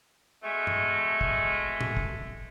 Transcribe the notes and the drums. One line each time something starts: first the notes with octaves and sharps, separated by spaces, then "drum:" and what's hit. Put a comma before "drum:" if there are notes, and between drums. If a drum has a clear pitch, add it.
B2 G#3 A3
drum: tom G2
drum: kick
drum: tom A2
drum: kick